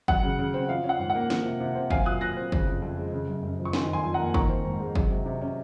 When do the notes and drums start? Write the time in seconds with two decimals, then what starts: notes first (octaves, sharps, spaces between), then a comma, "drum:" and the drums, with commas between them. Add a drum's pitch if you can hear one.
0.08 F#3 F#5, drum: kick G1
0.23 C#3
0.39 C#3
0.54 C4
0.69 F3 F5
0.84 C#4
0.89 F#5
0.99 G#2
1.10 F#5
1.15 A#3
1.30 F3, drum: snare
1.45 C3
1.60 C3
1.75 C4
1.90 F#3 F5 G#5, drum: kick G1
2.05 A#2 D#6 F#6
2.21 A#2 F#6 A#6
2.36 C4
2.52 C#3, drum: kick G1
2.67 F2
2.82 F2
2.98 G#3
3.13 C#3
3.28 F#2
3.43 F#2
3.59 F3
3.65 C#6
3.73 D#3 G#5 C6, drum: snare
3.89 F2 G#5 C6
4.04 F2
4.14 A#3 F#5 A#5
4.34 D#3 A#5 C#6, drum: kick G1
4.49 C4
4.65 G#2
4.80 G#3
4.95 F#3, drum: kick G1
5.10 C3
5.26 C3
5.41 C#4